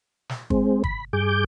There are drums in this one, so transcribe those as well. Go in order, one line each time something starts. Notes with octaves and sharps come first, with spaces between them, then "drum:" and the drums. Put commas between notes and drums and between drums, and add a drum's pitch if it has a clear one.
drum: snare
G#3 C4, drum: kick
B5, drum: kick
G2 G#4 D6 G6